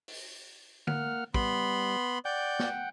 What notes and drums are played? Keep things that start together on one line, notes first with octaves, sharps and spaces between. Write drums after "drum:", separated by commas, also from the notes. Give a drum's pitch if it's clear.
drum: open hi-hat
A#3 F#5 F6, drum: tom D3
G3 B3 B5 C6, drum: kick
D5 F#5 G5 G6
drum: snare